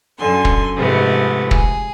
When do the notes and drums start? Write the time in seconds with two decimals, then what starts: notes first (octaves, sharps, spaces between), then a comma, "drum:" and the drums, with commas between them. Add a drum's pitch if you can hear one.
0.18 F#2 D3 G#5 C6
0.45 drum: kick
0.75 G#2 C3 F3 G#3 A3 B3
1.51 G#4, drum: kick